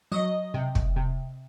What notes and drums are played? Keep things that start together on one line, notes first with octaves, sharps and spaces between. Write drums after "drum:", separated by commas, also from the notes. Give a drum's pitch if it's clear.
F#3 D#5
C3
drum: kick
C3